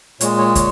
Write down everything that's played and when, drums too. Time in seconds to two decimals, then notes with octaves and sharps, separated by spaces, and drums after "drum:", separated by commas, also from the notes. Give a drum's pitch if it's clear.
0.21 A#2 G#3 C#5, drum: hi-hat
0.39 C#5
0.55 C#5, drum: kick, hi-hat